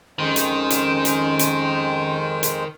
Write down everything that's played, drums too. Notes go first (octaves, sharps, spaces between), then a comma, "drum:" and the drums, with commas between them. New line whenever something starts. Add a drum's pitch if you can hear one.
F2 D#3 G#3 C#4 C5
drum: hi-hat
drum: hi-hat
drum: hi-hat
drum: hi-hat
drum: hi-hat